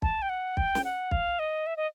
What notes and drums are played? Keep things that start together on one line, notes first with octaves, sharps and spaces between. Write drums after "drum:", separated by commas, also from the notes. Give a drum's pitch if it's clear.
A5, drum: kick
G5
F#5
G5, drum: kick
drum: snare
F#5
F5, drum: kick
D#5
E5
D#5